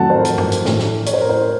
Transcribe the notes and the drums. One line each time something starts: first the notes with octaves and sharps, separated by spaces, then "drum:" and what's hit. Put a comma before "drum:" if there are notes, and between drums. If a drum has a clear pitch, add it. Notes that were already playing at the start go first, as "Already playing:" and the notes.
Already playing: F2 D#3 F#3 A3 F#5 A5
C5
A#4
A#4, drum: hi-hat
drum: tom G2
drum: hi-hat
A2 A3, drum: snare
drum: snare
C#5, drum: hi-hat
C5
A#4
C5